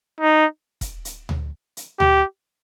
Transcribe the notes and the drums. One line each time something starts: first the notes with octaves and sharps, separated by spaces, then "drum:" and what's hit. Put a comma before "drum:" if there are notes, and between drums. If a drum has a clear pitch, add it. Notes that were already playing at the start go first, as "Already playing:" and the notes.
D#4
drum: kick E1, hi-hat
drum: hi-hat
drum: tom D2
drum: hi-hat
G4, drum: tom D2